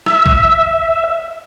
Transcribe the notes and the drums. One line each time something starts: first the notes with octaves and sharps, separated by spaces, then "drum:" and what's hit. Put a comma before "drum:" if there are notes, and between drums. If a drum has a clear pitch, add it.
E5, drum: rim click
drum: kick A#1